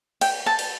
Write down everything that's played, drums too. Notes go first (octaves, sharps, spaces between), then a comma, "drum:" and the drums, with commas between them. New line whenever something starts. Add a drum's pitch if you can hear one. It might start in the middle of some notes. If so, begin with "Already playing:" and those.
G5, drum: cymbal
A5
drum: cymbal